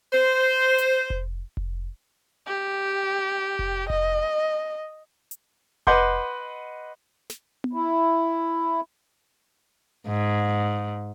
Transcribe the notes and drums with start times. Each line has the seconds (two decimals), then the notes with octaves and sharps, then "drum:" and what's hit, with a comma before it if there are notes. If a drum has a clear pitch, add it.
0.13 C5
0.78 drum: hi-hat
1.10 drum: kick F1
1.57 drum: kick F1
2.47 G4
3.59 drum: kick F1
3.90 D#5, drum: kick F1
5.31 drum: hi-hat
5.87 B4 D#5 F#5 C6 D6 G6, drum: kick F1
7.30 drum: snare
7.64 drum: tom B3
7.73 E4
10.08 G#2